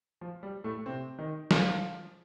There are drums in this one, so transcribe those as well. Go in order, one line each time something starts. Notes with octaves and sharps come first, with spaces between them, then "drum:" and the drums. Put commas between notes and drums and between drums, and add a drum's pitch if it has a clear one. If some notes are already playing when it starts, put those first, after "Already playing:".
F3
G3
A2 A3
C3 C4
D#3 D#4
F3 F4, drum: snare